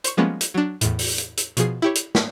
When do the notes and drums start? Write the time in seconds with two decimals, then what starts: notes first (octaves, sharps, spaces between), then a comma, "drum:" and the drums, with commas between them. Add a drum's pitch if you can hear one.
0.04 C5 C#6, drum: hi-hat
0.17 F3 G3 G#3 A#3 B3 C#4
0.41 drum: hi-hat
0.54 F#3 D4
0.81 E2 A2, drum: hi-hat
0.99 drum: open hi-hat
1.18 drum: hi-hat
1.37 drum: hi-hat
1.57 B2 F3 G#4 C7, drum: hi-hat
1.82 E4 G4 C#5
1.95 drum: hi-hat
2.15 drum: snare